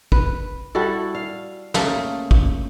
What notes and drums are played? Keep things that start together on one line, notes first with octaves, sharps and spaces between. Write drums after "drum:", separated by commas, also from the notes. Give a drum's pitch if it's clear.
B4, drum: kick
G3 E4 F#4 A4
F5
C#3 A3 A#3, drum: snare
drum: kick